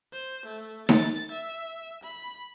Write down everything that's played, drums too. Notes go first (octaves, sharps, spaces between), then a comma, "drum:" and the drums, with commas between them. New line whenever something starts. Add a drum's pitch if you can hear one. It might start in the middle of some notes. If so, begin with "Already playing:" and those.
C5
A3
A6, drum: snare D#4
E5
B5